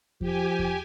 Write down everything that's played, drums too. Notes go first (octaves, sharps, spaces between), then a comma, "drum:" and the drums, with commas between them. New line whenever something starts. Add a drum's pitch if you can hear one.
F3 G4 G#5, drum: kick E2
drum: kick E2